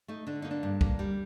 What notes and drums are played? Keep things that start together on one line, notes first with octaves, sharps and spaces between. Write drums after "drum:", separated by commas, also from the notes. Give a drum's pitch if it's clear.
A3 D#4
D3 D4
A#3 D#4
D4
G2
A#3, drum: kick
G3